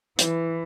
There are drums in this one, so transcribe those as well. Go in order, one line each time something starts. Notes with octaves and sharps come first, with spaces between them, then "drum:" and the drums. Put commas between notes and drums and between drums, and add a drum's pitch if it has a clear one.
E3, drum: hi-hat